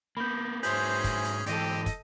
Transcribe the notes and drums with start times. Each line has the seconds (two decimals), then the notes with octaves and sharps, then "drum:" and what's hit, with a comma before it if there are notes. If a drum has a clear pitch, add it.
0.17 A#3 B3 B5 G6
0.63 G#2 C#4 E4 F#4 G#4 B4 C5 G6, drum: hi-hat
1.04 drum: kick, hi-hat
1.25 drum: hi-hat
1.46 G#2 E3 C4 G4 A4 D#5, drum: hi-hat
1.86 drum: kick, hi-hat